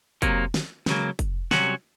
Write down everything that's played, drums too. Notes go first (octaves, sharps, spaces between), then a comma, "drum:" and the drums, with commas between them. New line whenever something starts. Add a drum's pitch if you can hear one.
C3 F#3 A#3, drum: kick, hi-hat
drum: snare
C#2 C#3 F#3 A#3, drum: snare
drum: kick, hi-hat
C2 C3 F#3 C#4 F#4, drum: snare